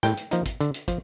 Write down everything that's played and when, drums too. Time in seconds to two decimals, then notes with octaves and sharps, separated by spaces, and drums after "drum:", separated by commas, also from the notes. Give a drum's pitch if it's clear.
0.03 A2 G5, drum: snare
0.17 drum: hi-hat
0.31 F3 A#3 D#4, drum: hi-hat
0.46 drum: kick, hi-hat
0.61 D3, drum: hi-hat
0.74 drum: hi-hat
0.88 F3, drum: kick, hi-hat